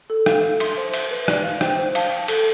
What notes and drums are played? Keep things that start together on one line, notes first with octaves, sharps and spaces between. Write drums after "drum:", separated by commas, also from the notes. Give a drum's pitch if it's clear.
A4
F5, drum: rim click
F5
E5 C6, drum: cymbal
C5
E5, drum: cymbal
B4
D5, drum: rim click
F5
C5 G5, drum: rim click
C5
F5 A5, drum: cymbal
F5
A4, drum: cymbal